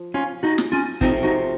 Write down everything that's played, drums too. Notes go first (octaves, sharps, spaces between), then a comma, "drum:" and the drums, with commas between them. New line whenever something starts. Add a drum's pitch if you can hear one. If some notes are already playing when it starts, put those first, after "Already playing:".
Already playing: F3
C#4 F4
D#4 F#4
drum: snare
C#4 F4
C3 F3 A3 C4 D#4, drum: kick
D#4 F#4